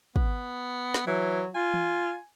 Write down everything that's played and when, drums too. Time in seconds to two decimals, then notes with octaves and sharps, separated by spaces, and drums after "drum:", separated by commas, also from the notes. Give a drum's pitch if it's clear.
0.16 B3, drum: kick
0.94 drum: snare
1.07 E3 F#3
1.55 F4 G#5
1.74 drum: tom E3